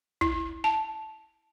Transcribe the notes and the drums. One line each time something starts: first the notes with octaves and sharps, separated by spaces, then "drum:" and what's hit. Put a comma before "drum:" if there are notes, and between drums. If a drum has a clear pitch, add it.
E4, drum: kick
A5